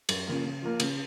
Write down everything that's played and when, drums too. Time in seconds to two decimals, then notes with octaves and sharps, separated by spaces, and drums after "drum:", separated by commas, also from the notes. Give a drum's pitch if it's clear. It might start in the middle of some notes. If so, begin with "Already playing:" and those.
0.09 F#2, drum: cymbal
0.27 C#3 F3 A#3
0.44 C#3
0.62 F3 A#3
0.80 C#3, drum: cymbal